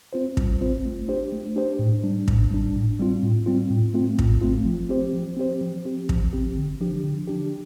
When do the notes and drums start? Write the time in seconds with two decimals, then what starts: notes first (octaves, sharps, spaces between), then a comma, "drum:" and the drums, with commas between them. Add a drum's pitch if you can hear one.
0.13 C4 F4 C5
0.37 G3, drum: kick
0.61 C4 F4 C5
0.85 A3
1.08 D4 G4 C5
1.32 A3
1.56 D4 G4 C5
1.79 A2
2.03 G3 D4
2.28 A2, drum: kick
2.51 G3 D4
2.75 A2
2.99 G3 C4 F4
3.23 A2
3.46 G3 C4 F4
3.70 A2
3.94 A3 C4 F4
4.19 A2, drum: kick
4.42 A3 C4 F4
4.65 F3
4.89 C4 G4 C5
5.14 F3
5.37 C4 G4 C5
5.61 F3
5.85 C4 G4
6.09 F3, drum: kick
6.33 C4 G4
6.57 D3
6.81 F3 D4 G4
7.04 D3
7.27 F3 D4 G4